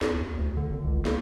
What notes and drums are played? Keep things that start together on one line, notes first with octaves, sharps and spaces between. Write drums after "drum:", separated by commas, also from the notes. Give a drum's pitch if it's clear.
E2, drum: snare
D#2
D2
D3
G#1
C#2
A#3, drum: snare